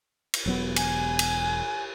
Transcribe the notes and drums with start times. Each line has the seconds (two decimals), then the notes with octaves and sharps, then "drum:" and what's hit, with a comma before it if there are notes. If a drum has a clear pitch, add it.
0.34 drum: cymbal
0.46 E1 F#3 B3
0.76 G#5, drum: cymbal
1.19 drum: cymbal